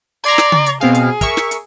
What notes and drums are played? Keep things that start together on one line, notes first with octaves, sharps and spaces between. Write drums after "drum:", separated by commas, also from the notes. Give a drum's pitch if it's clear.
D5 A#5 C6 G#6
drum: snare
drum: tom C#3
drum: hi-hat
B2 C4 G#4 F5
drum: hi-hat
A#4 E5 C#6, drum: kick, hi-hat
drum: snare
drum: hi-hat